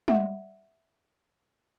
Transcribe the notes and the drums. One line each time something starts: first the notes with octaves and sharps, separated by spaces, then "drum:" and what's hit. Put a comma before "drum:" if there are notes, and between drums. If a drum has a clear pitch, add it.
E5 F#5, drum: tom G3